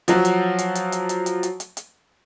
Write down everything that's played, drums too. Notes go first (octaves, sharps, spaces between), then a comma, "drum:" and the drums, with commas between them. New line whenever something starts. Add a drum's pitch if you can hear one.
F3 F#3, drum: hi-hat
drum: hi-hat
drum: hi-hat
drum: hi-hat
drum: hi-hat
drum: hi-hat
drum: hi-hat
drum: hi-hat
drum: hi-hat
drum: hi-hat